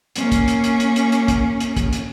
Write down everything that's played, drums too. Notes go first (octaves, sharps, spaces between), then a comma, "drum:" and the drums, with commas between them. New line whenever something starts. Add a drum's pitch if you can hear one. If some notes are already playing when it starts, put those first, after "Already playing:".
A#3 C#4, drum: hi-hat
drum: kick, hi-hat
drum: hi-hat
drum: hi-hat
drum: hi-hat
drum: hi-hat
drum: hi-hat
drum: kick, hi-hat
drum: hi-hat
drum: kick, hi-hat
drum: hi-hat